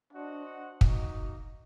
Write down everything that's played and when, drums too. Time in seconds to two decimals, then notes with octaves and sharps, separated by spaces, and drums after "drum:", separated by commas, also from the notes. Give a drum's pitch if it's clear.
0.13 D4 F#4 C5 D#5 F#5
0.81 A#3 D#4 F#4, drum: kick